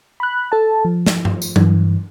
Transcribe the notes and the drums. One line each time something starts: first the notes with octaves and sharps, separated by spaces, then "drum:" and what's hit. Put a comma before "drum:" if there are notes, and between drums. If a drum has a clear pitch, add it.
B5 F#6
A4 A5
F3
drum: snare
drum: tom G2
drum: tambourine
G2 E3, drum: tom F#3